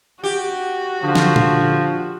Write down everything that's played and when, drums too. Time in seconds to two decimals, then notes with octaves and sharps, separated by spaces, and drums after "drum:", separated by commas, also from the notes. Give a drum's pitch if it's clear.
0.24 F#4 G4
1.03 D3 F3
1.15 drum: snare
1.36 drum: tom A#2